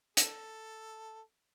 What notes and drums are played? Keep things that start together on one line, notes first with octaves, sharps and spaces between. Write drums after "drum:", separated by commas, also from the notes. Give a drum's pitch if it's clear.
A4, drum: hi-hat